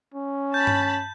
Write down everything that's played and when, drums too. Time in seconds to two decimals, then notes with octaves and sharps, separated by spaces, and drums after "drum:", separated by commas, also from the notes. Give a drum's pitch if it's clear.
0.14 C#4
0.54 A5 B5 G6
0.67 drum: tom G2